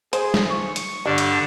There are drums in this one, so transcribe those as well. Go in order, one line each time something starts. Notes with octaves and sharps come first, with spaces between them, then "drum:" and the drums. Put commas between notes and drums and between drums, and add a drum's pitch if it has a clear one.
G#4 C5, drum: hi-hat
drum: snare
C#6
drum: hi-hat
G2 D3 G3 D4
drum: hi-hat